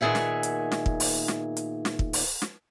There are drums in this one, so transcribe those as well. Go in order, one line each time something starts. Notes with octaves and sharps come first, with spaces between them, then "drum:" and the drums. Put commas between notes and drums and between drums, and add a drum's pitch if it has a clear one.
A#2 D#3 B3 G#4 E5 F#5
drum: snare
drum: hi-hat
drum: snare
drum: kick
drum: open hi-hat
drum: snare
drum: hi-hat
drum: snare
drum: kick
drum: open hi-hat
drum: snare